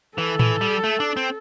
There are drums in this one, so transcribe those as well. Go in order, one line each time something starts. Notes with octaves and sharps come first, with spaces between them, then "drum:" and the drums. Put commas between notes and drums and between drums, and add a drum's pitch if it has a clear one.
E3 A4
E3, drum: tom A2
G3
A3
D4
C4